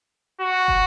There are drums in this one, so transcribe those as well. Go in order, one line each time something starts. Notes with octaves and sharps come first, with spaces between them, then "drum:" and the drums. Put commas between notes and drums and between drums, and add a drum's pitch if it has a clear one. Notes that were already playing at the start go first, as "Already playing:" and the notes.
F#4
drum: kick